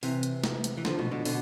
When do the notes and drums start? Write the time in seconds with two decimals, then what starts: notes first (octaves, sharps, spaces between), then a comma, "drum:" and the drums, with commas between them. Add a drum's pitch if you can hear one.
0.03 C3 E3, drum: open hi-hat
0.23 drum: hi-hat
0.44 drum: snare
0.64 drum: hi-hat
0.77 E3
0.85 D3 F3, drum: snare
0.99 B2
1.11 B2 D3
1.25 B2 D3, drum: open hi-hat